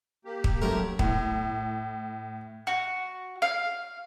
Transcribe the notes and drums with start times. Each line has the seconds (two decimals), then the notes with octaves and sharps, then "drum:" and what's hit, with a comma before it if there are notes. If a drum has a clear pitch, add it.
0.25 A#3 G4
0.44 drum: kick
0.62 F#2 A3 A#4
0.99 A2, drum: kick
2.67 F#4
3.42 F5